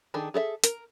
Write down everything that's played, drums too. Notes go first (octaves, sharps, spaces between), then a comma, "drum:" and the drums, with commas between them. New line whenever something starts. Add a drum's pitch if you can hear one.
D#3 D4 G#4 A4
G#4 A4 D#5 E5
A#4, drum: hi-hat